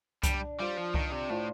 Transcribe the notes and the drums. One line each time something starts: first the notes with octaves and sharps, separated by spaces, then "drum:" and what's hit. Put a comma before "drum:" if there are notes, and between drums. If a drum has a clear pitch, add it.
G3 D4, drum: kick C2, hi-hat
G3 F4 C5
F3
D#3 D4, drum: kick C2
C3
A2 F4 C5